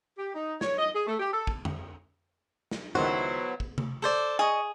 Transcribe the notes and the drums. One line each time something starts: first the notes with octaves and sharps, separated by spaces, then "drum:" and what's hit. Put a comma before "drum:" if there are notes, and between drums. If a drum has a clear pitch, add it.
G4
D#4
C#5, drum: snare
D#5
G#4
A3
G4
A4
drum: kick
drum: tom
drum: snare
C#2 D#3 F#3 B3 E4 F#4 C5
drum: kick
drum: tom C3
A4 C5 D5
G#4 D#5 C#6